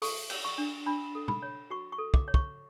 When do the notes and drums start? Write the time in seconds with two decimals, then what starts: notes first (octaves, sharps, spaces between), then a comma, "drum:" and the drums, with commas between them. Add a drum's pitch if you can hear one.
0.02 A4 C#6, drum: open hi-hat
0.30 C#5, drum: cymbal
0.45 C#6
0.58 D4
0.86 D4 B5
1.15 A4
1.28 B5, drum: tom
1.42 C#5
1.70 F#4 C#6
1.92 C#6
1.98 A4
2.14 D6, drum: kick
2.28 C#5
2.34 C#6, drum: kick